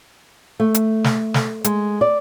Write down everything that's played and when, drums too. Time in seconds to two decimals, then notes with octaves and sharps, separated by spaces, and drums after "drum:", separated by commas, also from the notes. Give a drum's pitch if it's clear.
0.60 A3
0.75 drum: hi-hat
1.04 drum: snare
1.34 drum: snare
1.64 G#3, drum: hi-hat
2.01 D5